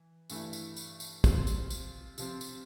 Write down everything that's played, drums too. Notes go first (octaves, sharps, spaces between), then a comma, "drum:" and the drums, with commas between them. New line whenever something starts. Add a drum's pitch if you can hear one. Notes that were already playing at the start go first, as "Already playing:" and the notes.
Already playing: E3
G2 E3 A3 E4, drum: tambourine
drum: tambourine
drum: tambourine
drum: tambourine
C3 F3 C4, drum: kick, tambourine
drum: tambourine
drum: tambourine
C3 F3 C4, drum: tambourine
drum: tambourine